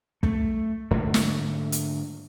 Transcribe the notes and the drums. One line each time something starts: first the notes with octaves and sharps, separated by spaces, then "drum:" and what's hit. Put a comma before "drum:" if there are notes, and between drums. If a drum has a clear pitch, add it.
A3, drum: kick
G#2 D3 A3 A#3
drum: snare
drum: hi-hat